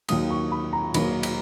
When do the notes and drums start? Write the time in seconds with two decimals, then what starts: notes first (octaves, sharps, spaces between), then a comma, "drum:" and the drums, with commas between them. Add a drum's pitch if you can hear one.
0.09 D#2 D#3 F#3 A#3 D#6, drum: cymbal
0.30 C#6
0.52 B5
0.73 A#5
0.94 D#2 D#3 F#3 A#3 B5, drum: cymbal
1.23 drum: cymbal